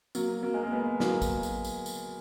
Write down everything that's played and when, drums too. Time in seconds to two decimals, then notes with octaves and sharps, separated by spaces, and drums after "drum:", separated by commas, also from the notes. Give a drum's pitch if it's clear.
0.15 F#3 A#3, drum: tambourine
0.43 F#3 A#3
0.54 G#3
0.63 A#3
0.72 G#3 B3
1.00 F#3 A#3, drum: snare
1.22 drum: kick A1, tambourine
1.43 drum: tambourine
1.64 drum: tambourine
1.86 drum: tambourine